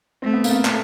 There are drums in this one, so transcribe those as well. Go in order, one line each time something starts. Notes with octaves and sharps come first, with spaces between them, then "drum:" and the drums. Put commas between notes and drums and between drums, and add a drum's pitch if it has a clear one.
A3 C4
B3
A#3, drum: tambourine
B3
A#3
A3, drum: clap